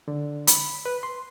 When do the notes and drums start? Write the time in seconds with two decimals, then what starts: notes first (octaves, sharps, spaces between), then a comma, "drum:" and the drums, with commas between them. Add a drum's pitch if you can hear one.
0.08 D3
0.47 B5, drum: hi-hat
0.85 B4
1.03 C6